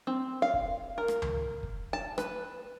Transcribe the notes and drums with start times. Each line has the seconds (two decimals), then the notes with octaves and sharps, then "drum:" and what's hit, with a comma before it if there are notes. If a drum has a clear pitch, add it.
0.07 C4
0.42 F5
0.54 drum: kick
0.98 A#4
1.08 drum: rim click
1.22 drum: tom C#2
1.63 drum: kick
1.93 A5
2.18 B4, drum: rim click